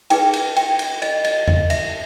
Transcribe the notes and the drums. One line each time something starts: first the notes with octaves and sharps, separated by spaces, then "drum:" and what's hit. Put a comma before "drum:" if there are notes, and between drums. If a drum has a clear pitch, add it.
D#4 G#4 B4 G5, drum: cymbal
drum: cymbal
G5, drum: cymbal
drum: cymbal
D#5, drum: cymbal
D#5, drum: cymbal
D#5, drum: tom E2
E5, drum: cymbal